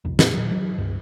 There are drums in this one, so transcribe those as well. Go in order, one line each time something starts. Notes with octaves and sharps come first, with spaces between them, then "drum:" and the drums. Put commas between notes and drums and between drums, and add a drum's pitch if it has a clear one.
E1 C2 F2
F2 A#2, drum: snare
A#2 F#3
F#3
C#2 G2